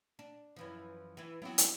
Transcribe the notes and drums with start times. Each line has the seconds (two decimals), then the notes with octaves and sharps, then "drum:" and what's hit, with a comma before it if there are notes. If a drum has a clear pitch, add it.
0.19 D4
0.56 F#2 E3 F3
1.17 E3 E4
1.42 F#3 B3 C4 E4 F#4
1.58 drum: hi-hat